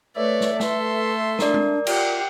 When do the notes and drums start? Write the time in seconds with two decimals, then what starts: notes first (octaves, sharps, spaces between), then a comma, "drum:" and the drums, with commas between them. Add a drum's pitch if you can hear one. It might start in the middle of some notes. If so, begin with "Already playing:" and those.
0.16 A3 B4 C#5 D5 E5
0.41 drum: snare
0.60 A4 B4 C6, drum: snare
1.39 D4 A#4 D5, drum: snare
1.54 drum: tom G#3
1.87 F4 G4 F#5, drum: cymbal